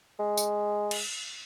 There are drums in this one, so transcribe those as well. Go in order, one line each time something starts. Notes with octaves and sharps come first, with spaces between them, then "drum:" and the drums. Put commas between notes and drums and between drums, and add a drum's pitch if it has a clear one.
G#3
drum: tambourine
drum: cymbal